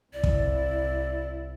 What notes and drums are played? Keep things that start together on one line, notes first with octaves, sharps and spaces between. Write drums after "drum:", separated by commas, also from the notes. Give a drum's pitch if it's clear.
C2 E4 D5
drum: kick